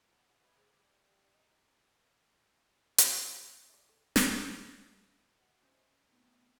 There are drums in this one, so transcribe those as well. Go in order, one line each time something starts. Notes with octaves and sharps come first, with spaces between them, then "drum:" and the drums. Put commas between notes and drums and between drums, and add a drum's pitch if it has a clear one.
F3 B3
F4 F#4 G#4
B4 D#5 E5 G#5
D3 F#3 G#3 C4
G3
D#4
A4, drum: hi-hat
B4
F4
D5 E5
A4
drum: snare
F#4 D#5 F#5
C#4 C5 D#5 E5
A3 B3 C4 D#4